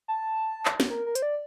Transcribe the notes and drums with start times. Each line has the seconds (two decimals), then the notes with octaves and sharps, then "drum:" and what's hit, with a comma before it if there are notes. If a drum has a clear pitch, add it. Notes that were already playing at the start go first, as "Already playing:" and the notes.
0.08 A5
0.65 drum: clap
0.80 drum: snare
0.90 A#4
1.06 A#4
1.15 C5, drum: hi-hat
1.22 D5